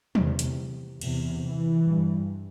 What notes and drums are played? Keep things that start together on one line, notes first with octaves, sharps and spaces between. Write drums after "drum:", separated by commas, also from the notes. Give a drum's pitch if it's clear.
E2 C3, drum: tom
drum: hi-hat
E2 C3, drum: cymbal
E3
G2